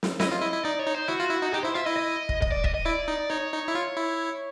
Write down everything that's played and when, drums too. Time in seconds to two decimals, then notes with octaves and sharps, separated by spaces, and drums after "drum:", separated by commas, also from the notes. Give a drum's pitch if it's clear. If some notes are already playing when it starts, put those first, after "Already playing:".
0.03 drum: snare
0.20 E4 D#5, drum: snare
0.32 F4
0.42 E4
0.53 E4
0.64 D#4 D5
0.79 C#5
0.86 D#4
0.94 C5
1.08 E4 F#4
1.20 F4
1.30 E4
1.42 D#4
1.52 D#4 G4
1.63 E4 C5
1.75 F4 E5
1.86 E4 D#5
1.97 D#5
2.29 drum: kick
2.42 D#5, drum: kick
2.52 D5
2.64 D#5, drum: kick
2.74 D#5
2.86 E4 D5
3.08 D#4
3.30 D#4 C#5
3.52 D#4
3.68 E4
3.75 F4
3.97 E4